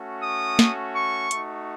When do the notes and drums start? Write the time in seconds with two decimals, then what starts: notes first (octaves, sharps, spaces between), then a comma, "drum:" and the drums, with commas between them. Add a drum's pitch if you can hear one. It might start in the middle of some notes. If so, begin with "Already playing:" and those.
Already playing: A3 C#4 F#4
0.23 D#6
0.59 drum: snare
0.95 C#6
1.31 A3 D#4 F#4, drum: hi-hat